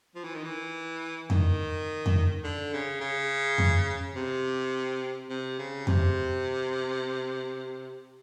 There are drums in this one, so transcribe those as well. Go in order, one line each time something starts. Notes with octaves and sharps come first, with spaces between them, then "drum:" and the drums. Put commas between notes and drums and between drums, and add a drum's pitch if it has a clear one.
F3
E3
D#3
E3
D#3, drum: tom F2
drum: tom F2
D3
C#3
C#3
drum: tom F2
C3
C3
C#3
C3, drum: tom F2